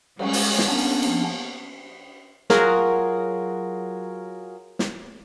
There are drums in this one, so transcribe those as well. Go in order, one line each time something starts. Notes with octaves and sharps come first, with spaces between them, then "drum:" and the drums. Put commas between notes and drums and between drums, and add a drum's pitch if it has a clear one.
G3 G#3 C#4, drum: cymbal
drum: open hi-hat
drum: snare
A#3 B3 C#4 D4
F3, drum: cymbal
F#3 F4 F#4 G#4 A#4, drum: snare
drum: snare